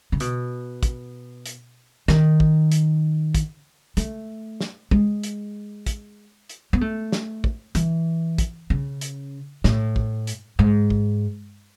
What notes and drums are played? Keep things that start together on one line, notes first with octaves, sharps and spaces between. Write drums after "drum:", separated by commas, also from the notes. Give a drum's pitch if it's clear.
C#3
B2, drum: hi-hat
drum: kick, hi-hat
drum: hi-hat
D#3, drum: snare
drum: kick
drum: hi-hat
drum: kick, hi-hat
A3, drum: hi-hat
drum: snare
G#3, drum: kick
drum: hi-hat
drum: kick, hi-hat
drum: hi-hat
B3
A3
drum: snare
drum: kick
E3, drum: hi-hat
drum: kick, hi-hat
C#3
drum: hi-hat
A2, drum: snare
drum: kick
drum: hi-hat
G#2
drum: kick